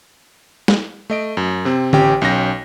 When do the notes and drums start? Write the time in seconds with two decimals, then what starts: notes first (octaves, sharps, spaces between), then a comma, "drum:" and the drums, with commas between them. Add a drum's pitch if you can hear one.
0.68 drum: snare
1.10 A3 D#5 D7
1.37 F#2
1.65 C3 C4
1.93 A1 C#4 G4 G5, drum: tom D3
2.22 B1 C#4 G5 A#6